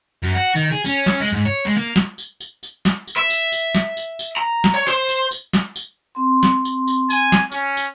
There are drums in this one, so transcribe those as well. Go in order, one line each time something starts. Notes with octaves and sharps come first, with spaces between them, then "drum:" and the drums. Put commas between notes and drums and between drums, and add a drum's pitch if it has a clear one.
F#2
F#4
D#3
G#4
C#4, drum: tambourine
drum: snare
G#3
G#2
C#5
G#3
A#3
drum: snare
drum: tambourine
drum: tambourine
drum: tambourine
drum: snare
drum: tambourine
E5
drum: tambourine
drum: tambourine
drum: snare
drum: tambourine
drum: tambourine
A#5
drum: snare
C#5
C5, drum: tambourine
drum: tambourine
drum: tambourine
drum: snare
drum: tambourine
C4 C6
drum: snare
drum: tambourine
drum: tambourine
G#5, drum: tambourine
drum: snare
C#4, drum: tambourine
drum: tambourine